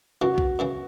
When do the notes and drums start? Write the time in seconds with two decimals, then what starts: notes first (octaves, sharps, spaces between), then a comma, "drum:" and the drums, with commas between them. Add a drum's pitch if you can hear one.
0.21 F#2 C#3 E3 F#4
0.38 drum: kick B1
0.59 F#2 C#3 E3